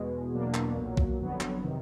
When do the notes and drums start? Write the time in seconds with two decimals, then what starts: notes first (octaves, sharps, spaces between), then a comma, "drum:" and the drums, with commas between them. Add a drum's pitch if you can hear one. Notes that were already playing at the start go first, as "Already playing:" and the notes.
Already playing: E2 B2 G#3
0.33 E2 B2 F#3 A#3 D4
0.54 drum: clap
0.76 B1 A#2 F#3
0.97 drum: kick B1
1.19 G1 F2 D3 F#3 B3
1.41 drum: clap
1.62 C3 D#3